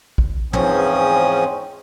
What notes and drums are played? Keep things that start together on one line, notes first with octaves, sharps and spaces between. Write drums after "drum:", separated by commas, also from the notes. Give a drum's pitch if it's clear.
drum: kick A#1
E2 G#2 F3 C4 C#4 D#6, drum: tom